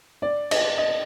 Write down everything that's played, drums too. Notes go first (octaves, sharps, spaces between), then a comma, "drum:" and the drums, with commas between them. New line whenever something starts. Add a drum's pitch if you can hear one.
D5
D#5, drum: cymbal
D#5